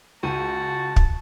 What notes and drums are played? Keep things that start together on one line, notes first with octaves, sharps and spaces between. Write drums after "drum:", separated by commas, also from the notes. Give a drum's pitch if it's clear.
C#2 F#4 A5 D#7
drum: kick